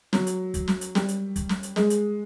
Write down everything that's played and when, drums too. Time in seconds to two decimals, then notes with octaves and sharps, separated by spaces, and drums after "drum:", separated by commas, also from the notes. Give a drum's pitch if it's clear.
0.13 F#3, drum: snare
0.27 drum: hi-hat
0.54 drum: kick, hi-hat
0.68 drum: snare
0.81 drum: hi-hat
0.95 G3, drum: snare
1.08 drum: hi-hat
1.36 drum: kick, hi-hat
1.49 drum: snare
1.63 drum: hi-hat
1.76 G#3, drum: snare
1.90 drum: hi-hat